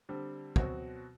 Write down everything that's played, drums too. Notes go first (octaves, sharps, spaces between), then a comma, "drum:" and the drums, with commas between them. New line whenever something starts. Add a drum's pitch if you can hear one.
D3 G3 C4
B2 F#3 C4 F#4, drum: kick